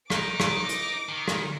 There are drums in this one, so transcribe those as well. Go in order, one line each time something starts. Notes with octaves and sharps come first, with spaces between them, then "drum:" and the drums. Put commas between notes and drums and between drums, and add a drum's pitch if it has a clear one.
D#4 D6, drum: rim click
drum: rim click
drum: hi-hat
D#3
drum: rim click